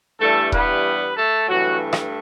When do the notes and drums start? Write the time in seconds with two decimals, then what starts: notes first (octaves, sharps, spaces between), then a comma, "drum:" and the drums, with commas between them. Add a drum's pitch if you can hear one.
0.20 G2 E3 G3 A3 A4
0.52 B3 B4, drum: kick D#1
1.16 A3 A4
1.48 G2 E3 F#3 A3 F#4
1.93 drum: rim click